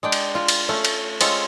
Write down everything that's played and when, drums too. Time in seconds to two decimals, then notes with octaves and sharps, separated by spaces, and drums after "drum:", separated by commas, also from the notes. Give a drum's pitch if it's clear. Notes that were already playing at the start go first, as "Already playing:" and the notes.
0.03 G#3 D4 G5
0.12 drum: cymbal
0.35 F4
0.48 drum: cymbal
0.69 A3 C#4
0.85 drum: cymbal
1.21 G#3 C4 C#4 F4 A4 C#5, drum: cymbal